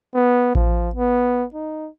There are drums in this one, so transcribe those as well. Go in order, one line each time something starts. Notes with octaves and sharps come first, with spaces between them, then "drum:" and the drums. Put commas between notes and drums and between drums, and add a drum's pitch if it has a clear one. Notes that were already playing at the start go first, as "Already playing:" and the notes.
B3
F3, drum: kick A1
B3
D#4